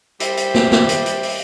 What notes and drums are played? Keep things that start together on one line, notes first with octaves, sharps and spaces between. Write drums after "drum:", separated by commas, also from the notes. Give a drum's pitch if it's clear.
G3 G4 C5 E5, drum: hi-hat
drum: hi-hat
drum: snare
drum: snare
drum: hi-hat
drum: hi-hat
drum: open hi-hat